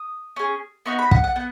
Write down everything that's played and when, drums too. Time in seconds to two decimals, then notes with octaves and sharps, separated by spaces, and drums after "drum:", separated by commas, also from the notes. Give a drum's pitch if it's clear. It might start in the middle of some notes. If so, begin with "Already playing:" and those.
Already playing: D#6
0.36 C#4 G#4
0.86 B3 D#4 F#4 C#6
0.99 B5
1.11 F#5, drum: kick
1.24 F#5
1.36 B3 F#5